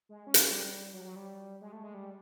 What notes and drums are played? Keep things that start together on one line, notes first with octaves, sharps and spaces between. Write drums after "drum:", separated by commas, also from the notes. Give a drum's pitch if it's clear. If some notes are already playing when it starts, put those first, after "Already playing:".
G#3
C#4
D4, drum: hi-hat
C#4
G3
F#3
F#3
G3
G#3
A3
G#3
G3